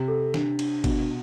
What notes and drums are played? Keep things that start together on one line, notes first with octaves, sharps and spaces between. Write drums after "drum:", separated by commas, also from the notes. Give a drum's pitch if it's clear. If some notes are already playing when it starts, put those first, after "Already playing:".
Already playing: C3
A4
D4, drum: snare
D4, drum: cymbal
B2 D4, drum: kick G1, cymbal